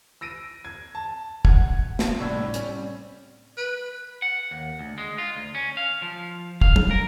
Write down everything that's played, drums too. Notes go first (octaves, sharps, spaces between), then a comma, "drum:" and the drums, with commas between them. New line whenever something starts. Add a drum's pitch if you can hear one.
E6 A#6 D7 D#7
G#6
A5
F#5 G#6, drum: kick
drum: snare
C2 A2 G3 D4 E6 G#6
G3 C4 C#4, drum: hi-hat
B4
F#5
D#2
D2
G#3
F4
D2
C#4
F5
F3
F5, drum: kick
drum: tom
A#4